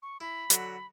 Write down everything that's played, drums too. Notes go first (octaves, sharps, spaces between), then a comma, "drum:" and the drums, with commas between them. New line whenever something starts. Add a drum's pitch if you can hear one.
C#6
E4 B5
D3 F#3, drum: hi-hat